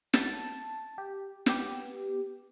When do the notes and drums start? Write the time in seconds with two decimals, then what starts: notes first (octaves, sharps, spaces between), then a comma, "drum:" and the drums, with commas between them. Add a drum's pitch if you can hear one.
0.13 A5, drum: snare
0.98 G4
1.46 B3 G4, drum: snare